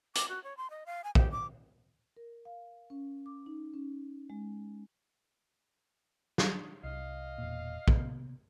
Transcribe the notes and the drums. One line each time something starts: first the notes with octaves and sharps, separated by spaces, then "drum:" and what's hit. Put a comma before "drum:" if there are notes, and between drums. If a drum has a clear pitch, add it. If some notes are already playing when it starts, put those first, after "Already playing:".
D6, drum: hi-hat
F#4
C#5
C6
D#5
F5
G#5
G4, drum: kick
D6
A#4
F5
C#4
D6
D#4
C#4
G#3
drum: snare
C2 D#5 F5
E1 A#2
C3 A#3 B3, drum: kick